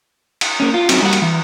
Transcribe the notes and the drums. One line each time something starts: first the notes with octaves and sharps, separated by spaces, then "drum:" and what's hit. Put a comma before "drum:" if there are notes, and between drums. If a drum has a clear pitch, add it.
drum: cymbal
A#3 C#4
F4
F#3 C4 C#4 D#4 F#4, drum: cymbal
G3 A#3 F#4 B4 F#5
drum: cymbal
E3